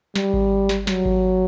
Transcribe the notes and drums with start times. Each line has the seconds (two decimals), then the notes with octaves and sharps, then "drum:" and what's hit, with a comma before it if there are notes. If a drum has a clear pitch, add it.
0.16 G3, drum: snare
0.33 drum: kick G#1
0.69 drum: snare
0.87 F#3, drum: snare
1.05 drum: kick G#1